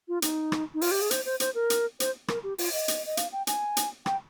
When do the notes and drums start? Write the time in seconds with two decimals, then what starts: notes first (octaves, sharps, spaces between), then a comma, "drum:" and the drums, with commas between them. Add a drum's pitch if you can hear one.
0.08 F4
0.22 D#4, drum: hi-hat
0.52 drum: rim click
0.74 D#4
0.81 F4, drum: open hi-hat
0.91 G4
1.01 G#4
1.11 C5, drum: hi-hat
1.25 C5
1.40 C5, drum: hi-hat
1.55 A#4
1.70 drum: hi-hat
2.00 C5, drum: hi-hat
2.28 A#4, drum: rim click
2.44 G4
2.58 F4, drum: open hi-hat
2.73 D#5
2.88 drum: hi-hat
3.06 D#5
3.17 F5, drum: hi-hat
3.32 G5
3.47 G#5, drum: hi-hat
3.77 drum: hi-hat
4.06 G5, drum: rim click